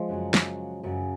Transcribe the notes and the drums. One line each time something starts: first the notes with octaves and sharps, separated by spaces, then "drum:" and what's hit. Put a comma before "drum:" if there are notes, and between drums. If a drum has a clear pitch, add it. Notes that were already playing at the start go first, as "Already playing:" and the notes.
Already playing: F3 G#3
F#2 C#3 F#3
drum: snare
F#2 C#3 F#3